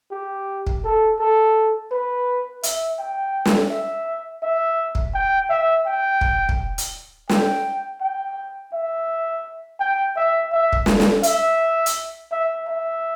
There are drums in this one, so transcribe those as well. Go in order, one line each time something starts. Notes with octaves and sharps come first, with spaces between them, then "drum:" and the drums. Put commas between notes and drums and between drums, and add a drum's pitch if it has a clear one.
G4
drum: kick
A4
A4
B4
E5, drum: hi-hat
G5
drum: snare
E5
E5
drum: kick
G5
E5
G5
drum: kick
drum: kick
drum: hi-hat
G5, drum: snare
G5
E5
G5
E5
E5
drum: kick
drum: snare
drum: snare
E5, drum: hi-hat
drum: hi-hat
E5
E5